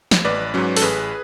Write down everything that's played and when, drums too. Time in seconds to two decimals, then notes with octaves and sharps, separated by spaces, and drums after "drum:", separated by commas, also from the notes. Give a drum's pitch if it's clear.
0.11 drum: snare
0.25 A1 B4 D5
0.54 G#2 F#3 C#4
0.77 A4, drum: open hi-hat
0.81 A1 G#4 B4